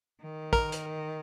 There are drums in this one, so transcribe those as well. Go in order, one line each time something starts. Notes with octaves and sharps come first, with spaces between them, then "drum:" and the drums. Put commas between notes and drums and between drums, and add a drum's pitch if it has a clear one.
D#3
A#4, drum: kick
drum: hi-hat